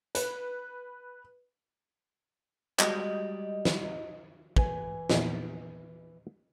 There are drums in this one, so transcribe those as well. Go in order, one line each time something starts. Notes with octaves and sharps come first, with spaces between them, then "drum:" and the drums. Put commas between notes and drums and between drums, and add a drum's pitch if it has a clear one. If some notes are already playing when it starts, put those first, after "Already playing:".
B4, drum: hi-hat
G3 G#3 F#4 D#5, drum: clap
drum: snare
E3 G#5, drum: kick
A#1 E2, drum: snare